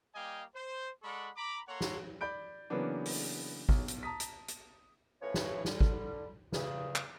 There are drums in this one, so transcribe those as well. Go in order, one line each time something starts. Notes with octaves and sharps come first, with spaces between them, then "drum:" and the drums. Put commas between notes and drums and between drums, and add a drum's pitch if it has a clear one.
G3 A#3 D#5 F5 G5 G#5
C5
G#3 A4 D5 F#5 B5 C#6
A#5 B5 D6
A#3 A4 C#5 F#5 A#5 C6
drum: snare
D5 B5 G6 D7
C#3 E3 F#3 A#3 B3 D4
drum: open hi-hat
B1, drum: kick
drum: hi-hat
A5 A#5 D#6 B6
drum: hi-hat
drum: hi-hat
A2 F3 C#4 B4 C#5
drum: snare
D3 G3, drum: snare
drum: kick
E2 A#2 C#3, drum: snare
drum: clap